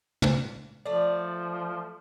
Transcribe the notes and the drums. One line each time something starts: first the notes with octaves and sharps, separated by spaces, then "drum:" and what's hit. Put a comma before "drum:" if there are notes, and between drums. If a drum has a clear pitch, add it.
drum: tom
F3 A3 D5